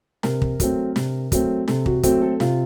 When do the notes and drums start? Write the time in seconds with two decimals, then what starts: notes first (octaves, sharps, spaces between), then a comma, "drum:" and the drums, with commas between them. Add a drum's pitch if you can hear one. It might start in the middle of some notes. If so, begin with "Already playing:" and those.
0.23 C3 A#4, drum: snare
0.42 drum: kick
0.60 F#3 A3 C4, drum: kick, hi-hat
0.96 C3, drum: snare
1.32 F#3 A3 C4, drum: kick, hi-hat
1.68 C3 A4, drum: snare
1.86 F#4, drum: kick
2.03 F#3 A3 C4 F#4, drum: kick, hi-hat
2.22 A4
2.40 C3 F4, drum: snare